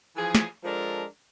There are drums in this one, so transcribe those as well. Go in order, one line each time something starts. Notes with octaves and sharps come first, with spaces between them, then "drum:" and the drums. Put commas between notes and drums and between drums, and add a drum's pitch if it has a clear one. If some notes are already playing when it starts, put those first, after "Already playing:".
E3 F3 G#4
drum: snare
F3 G#3 D4 A4 A#4